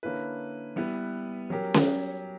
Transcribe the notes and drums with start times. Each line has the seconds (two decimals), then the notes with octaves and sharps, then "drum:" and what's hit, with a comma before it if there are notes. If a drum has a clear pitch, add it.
0.03 D3 A#3 C#4 E4 B4
0.76 G3 B3 E4 B4
1.50 F#3 C#4 G4 A#4
1.74 drum: snare C#4